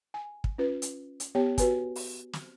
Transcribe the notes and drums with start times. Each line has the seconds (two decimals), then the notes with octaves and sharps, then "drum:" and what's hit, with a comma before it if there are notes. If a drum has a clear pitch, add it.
0.14 G#5
0.44 drum: kick
0.58 C#4 F4 B4
0.82 drum: hi-hat
1.20 drum: hi-hat
1.35 B3 G4 C#5 G5
1.58 F#4 B4 G#5, drum: kick, hi-hat
1.96 drum: open hi-hat
2.33 drum: snare